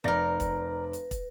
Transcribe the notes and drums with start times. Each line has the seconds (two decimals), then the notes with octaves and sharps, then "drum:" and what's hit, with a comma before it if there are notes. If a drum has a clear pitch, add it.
0.04 F1 D#4 A#4 B4 D5 A#6
0.40 drum: kick, hi-hat
0.93 drum: hi-hat
1.11 drum: kick, hi-hat